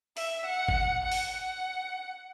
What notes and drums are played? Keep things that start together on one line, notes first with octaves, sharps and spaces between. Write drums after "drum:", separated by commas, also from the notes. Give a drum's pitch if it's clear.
E5, drum: open hi-hat
F#5
drum: kick G1
F#5
drum: open hi-hat
F#5